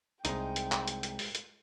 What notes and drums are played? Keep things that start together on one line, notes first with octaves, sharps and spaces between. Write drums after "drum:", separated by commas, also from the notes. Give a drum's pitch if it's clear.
C2 G#2 G#3 D#4 G5, drum: hi-hat
drum: hi-hat
drum: clap
drum: hi-hat
drum: hi-hat
drum: open hi-hat
drum: hi-hat